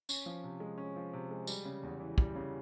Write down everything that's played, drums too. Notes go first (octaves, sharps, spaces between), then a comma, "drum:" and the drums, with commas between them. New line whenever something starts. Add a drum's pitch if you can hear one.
C#4, drum: tambourine
F3
C3
G#3
C#4
F3
C3
G#3
G3, drum: tambourine
C#3
E2
E3
G3, drum: kick
C#3